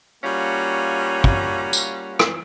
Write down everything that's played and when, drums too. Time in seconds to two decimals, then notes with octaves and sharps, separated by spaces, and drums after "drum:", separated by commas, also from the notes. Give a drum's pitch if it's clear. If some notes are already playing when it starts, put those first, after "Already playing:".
0.24 G3 A#3 C#4 F4 F#4
1.24 drum: kick
1.73 drum: tambourine
2.19 drum: rim click